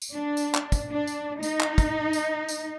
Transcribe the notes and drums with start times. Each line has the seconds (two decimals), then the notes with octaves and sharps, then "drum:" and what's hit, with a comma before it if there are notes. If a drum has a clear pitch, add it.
0.02 drum: tambourine
0.13 D4
0.37 drum: tambourine
0.55 drum: clap
0.72 drum: kick, tambourine
0.91 D4
1.07 drum: tambourine
1.43 D#4, drum: tambourine
1.60 drum: clap
1.78 drum: kick, tambourine
2.13 drum: tambourine
2.48 drum: tambourine